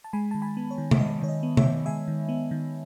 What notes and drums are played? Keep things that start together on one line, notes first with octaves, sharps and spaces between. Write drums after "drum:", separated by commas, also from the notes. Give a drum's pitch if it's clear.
A5
G#3 G#5 B5
D#3 A5
G#5 B5
B3
C#5
D#3
E5, drum: tom C3
G#3 D#5
D#3 C#5
D#5
B3
C#5 E5, drum: tom C3
D#3
G#3 E5 G#5
D#3
B3
D#3